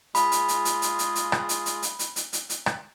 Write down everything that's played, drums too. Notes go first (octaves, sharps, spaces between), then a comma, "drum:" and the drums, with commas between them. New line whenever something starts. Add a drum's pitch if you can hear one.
G#3 F4 G#4 B5, drum: hi-hat
drum: hi-hat
drum: hi-hat
drum: hi-hat
drum: hi-hat
drum: hi-hat
drum: hi-hat
drum: rim click
drum: hi-hat
drum: hi-hat
drum: hi-hat
drum: hi-hat
drum: hi-hat
drum: hi-hat
drum: hi-hat
drum: rim click